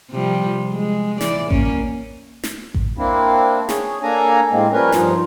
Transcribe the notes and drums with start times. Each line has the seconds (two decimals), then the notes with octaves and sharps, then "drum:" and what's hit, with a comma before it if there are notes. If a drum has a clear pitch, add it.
0.10 C3 F3 G3
0.70 G#3
1.21 E3 D5, drum: snare
1.51 A#3 C#4, drum: kick A1
2.43 drum: snare
2.74 drum: kick A1
2.98 A#3 C4 D4 E4
3.69 G#4 C#5, drum: snare
4.03 A#3 D4 A4 G#5 A#5
4.51 A2 G#3 A#3 C4
4.72 F3 G3 C#4 A#4 B4 C#5
4.92 G2 F3 D#4 F4, drum: snare